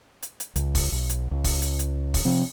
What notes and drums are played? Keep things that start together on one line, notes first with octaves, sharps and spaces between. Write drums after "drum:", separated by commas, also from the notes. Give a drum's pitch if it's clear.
drum: hi-hat
drum: hi-hat
C#2, drum: hi-hat
drum: kick, open hi-hat
B1
drum: hi-hat
C#2
drum: kick, open hi-hat
drum: hi-hat
drum: hi-hat
drum: kick, open hi-hat
C3 F3 C4